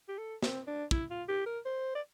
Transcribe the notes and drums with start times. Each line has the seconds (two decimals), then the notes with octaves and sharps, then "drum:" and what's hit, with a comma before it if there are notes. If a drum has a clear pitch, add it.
0.08 G4
0.18 A4
0.43 C4, drum: snare
0.67 D4
0.91 E4, drum: kick
1.10 F4
1.28 G4
1.46 A#4
1.65 C5
1.95 D5